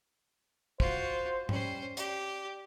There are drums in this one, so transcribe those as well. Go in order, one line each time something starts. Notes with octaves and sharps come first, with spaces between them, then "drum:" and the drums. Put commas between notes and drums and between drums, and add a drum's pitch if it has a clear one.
F4 F#4 C5, drum: kick
G3 C#4 C5, drum: tom G#2
G4 D5, drum: hi-hat